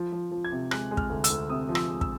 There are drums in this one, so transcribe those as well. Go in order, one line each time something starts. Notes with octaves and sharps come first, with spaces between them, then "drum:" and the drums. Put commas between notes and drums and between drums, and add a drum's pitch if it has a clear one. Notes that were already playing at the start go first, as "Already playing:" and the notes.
Already playing: F3
F3
F3
G#6
C3
G#3 F#6, drum: rim click
G#3
F6, drum: kick
D2
E6, drum: hi-hat
D2
C3 D#6
F3
E6, drum: rim click
G#3
E6, drum: kick